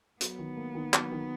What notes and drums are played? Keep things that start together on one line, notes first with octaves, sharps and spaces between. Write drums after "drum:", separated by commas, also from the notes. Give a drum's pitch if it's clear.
F#3 B3, drum: hi-hat
D#3
A#3
D#3
F#3, drum: clap
D#3